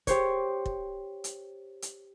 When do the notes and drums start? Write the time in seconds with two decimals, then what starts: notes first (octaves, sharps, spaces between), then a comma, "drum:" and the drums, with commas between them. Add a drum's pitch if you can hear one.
0.07 G4 C5 C#5, drum: kick, hi-hat
0.66 drum: kick
1.24 drum: hi-hat
1.82 drum: hi-hat